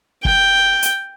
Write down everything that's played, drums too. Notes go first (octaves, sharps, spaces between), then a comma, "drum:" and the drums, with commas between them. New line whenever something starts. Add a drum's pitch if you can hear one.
G5, drum: kick
drum: hi-hat